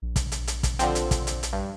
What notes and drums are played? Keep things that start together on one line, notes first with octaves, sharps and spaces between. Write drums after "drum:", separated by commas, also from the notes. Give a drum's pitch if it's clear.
A#1
drum: kick, hi-hat
drum: hi-hat
drum: hi-hat
drum: kick, hi-hat
D3 F3 C4, drum: hi-hat
drum: hi-hat
drum: kick, hi-hat
drum: hi-hat
drum: hi-hat
G2